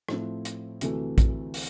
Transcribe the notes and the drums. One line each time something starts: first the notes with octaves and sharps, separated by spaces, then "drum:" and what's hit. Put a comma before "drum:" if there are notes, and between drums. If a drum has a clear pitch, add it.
A2 F3 A3 C4 E4, drum: rim click
drum: hi-hat
D2 C3 E3 A3, drum: hi-hat
drum: kick, hi-hat
drum: open hi-hat